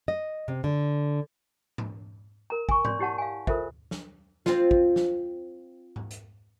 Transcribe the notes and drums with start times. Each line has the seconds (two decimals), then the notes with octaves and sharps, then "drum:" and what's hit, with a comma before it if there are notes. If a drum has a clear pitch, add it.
0.08 D#5
0.48 C3
0.64 D3
1.78 drum: tom G#2
2.50 A#4 A#5
2.69 G#5 C#6, drum: kick
2.85 C#5 D5 C6, drum: tom G#2
2.99 E4 G4 C#5 F#5 A5
3.18 F5 G#5
3.47 F4 A4 A#4 C5 E5, drum: kick
3.91 drum: snare
4.46 C4 F4, drum: snare
4.71 drum: kick
4.96 drum: snare
5.96 drum: tom G#2
6.11 drum: hi-hat